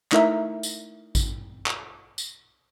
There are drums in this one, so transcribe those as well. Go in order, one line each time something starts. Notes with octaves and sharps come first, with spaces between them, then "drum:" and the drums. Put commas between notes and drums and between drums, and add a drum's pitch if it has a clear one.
A3 D#4 E4 A#4 E5, drum: clap
drum: tambourine
drum: kick A1, tambourine
drum: clap
drum: tambourine